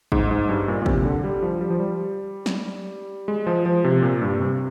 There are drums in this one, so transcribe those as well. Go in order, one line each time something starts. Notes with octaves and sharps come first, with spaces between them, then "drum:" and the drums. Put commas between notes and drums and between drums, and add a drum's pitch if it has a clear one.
G#2, drum: kick
G#2
G2
A#2
A#2
C3, drum: kick
D3
G3
F3
G3
F3
G3
drum: snare
G#3
F3
F3
C3
A#2
G2
C3